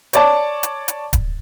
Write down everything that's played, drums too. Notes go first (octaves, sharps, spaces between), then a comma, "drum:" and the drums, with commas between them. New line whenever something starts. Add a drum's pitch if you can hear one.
C#5 D5 A5, drum: hi-hat
drum: hi-hat
drum: hi-hat
drum: kick D1, hi-hat